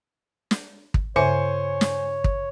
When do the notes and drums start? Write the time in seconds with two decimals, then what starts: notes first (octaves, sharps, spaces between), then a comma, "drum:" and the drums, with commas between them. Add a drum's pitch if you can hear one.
0.51 drum: snare
0.94 drum: kick
1.16 G2 C#3 C5 C#5 E5 G#5 C#7
1.81 drum: snare
2.24 drum: kick